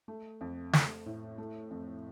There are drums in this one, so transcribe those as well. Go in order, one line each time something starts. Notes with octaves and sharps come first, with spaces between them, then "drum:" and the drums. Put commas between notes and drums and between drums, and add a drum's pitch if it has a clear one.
A3
F2
A3, drum: snare
A2
A3
F2